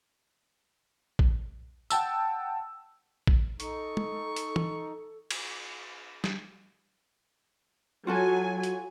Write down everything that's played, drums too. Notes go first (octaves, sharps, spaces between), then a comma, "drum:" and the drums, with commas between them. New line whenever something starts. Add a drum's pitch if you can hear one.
drum: kick A#1
F#5 G5 A5 E6, drum: tambourine
drum: kick A#1
D#4 A4 C#6, drum: hi-hat
drum: tom
drum: hi-hat
drum: tom
drum: cymbal
drum: snare
F#3 F4 F#4 A4 G#5
drum: hi-hat